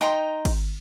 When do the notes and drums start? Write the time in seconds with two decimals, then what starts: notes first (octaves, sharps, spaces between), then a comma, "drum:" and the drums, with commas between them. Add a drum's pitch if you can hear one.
0.01 D#4 G5 A#5 C6
0.45 drum: kick, cymbal